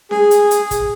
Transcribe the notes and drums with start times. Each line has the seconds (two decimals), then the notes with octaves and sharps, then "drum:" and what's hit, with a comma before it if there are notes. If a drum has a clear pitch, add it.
0.11 G#4, drum: snare C#4
0.31 drum: hi-hat
0.51 drum: hi-hat
0.71 drum: kick, hi-hat